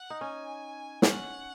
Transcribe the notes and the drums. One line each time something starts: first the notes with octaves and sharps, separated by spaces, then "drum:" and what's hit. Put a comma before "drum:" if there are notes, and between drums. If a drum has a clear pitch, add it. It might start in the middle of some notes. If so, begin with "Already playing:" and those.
Already playing: F#5
D#4
C#4 G#5
C#4 F#5, drum: snare